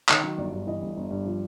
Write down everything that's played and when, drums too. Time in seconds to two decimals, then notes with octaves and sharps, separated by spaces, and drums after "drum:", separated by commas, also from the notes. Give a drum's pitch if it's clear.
0.09 D#3 C#5, drum: clap
0.23 F#3
0.38 G1 D5
0.53 G2
0.67 E3 D#5
0.82 G1
0.97 G1
1.11 G2
1.26 F3